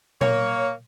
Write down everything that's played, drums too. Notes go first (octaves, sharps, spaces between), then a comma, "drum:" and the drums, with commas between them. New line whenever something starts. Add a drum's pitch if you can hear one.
A#3 C#5, drum: tom A#2